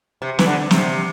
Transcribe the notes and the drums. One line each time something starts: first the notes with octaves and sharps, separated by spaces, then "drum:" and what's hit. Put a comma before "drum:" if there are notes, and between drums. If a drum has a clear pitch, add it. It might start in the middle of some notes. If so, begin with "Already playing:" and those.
C3
E3, drum: snare
D3
C3, drum: snare